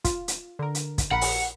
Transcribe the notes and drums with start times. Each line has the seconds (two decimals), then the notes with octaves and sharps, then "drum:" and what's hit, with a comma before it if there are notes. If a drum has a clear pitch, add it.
0.05 F4, drum: kick, hi-hat
0.28 drum: hi-hat
0.59 D3 A#4
0.75 drum: hi-hat
0.98 drum: kick, hi-hat
1.11 A#1 A#4 F#5 B5
1.21 drum: open hi-hat